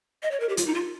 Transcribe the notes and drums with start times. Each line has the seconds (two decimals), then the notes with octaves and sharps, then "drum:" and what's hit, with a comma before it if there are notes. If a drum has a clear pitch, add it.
0.23 D#5
0.31 C#5
0.40 A#4
0.49 G4
0.57 F4, drum: hi-hat
0.66 D#4
0.74 F4